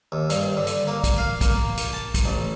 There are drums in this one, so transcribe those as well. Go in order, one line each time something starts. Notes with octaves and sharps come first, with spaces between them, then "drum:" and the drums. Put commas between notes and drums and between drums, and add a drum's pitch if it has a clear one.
D#2
G2, drum: hi-hat
D3
drum: hi-hat
A#3
drum: kick, hi-hat
F5
A#3, drum: kick, hi-hat
drum: hi-hat
A5
drum: kick, hi-hat
A1